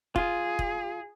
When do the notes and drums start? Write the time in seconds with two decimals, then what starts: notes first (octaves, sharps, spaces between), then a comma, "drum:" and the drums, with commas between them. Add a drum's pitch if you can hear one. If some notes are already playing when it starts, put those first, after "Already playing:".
0.16 F4 G#4, drum: kick
0.59 drum: kick